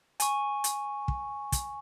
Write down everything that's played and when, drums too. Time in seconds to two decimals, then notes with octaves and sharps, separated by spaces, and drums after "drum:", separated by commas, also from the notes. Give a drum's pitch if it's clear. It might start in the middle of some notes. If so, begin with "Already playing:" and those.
0.20 G#5 C#6, drum: hi-hat
0.64 drum: hi-hat
1.08 drum: kick
1.52 drum: kick, hi-hat